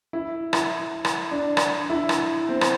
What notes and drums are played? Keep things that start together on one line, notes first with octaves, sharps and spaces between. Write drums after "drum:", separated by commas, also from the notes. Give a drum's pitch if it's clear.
E4
E4, drum: rim click
drum: rim click
D4
drum: rim click
E4
drum: rim click
C4
drum: rim click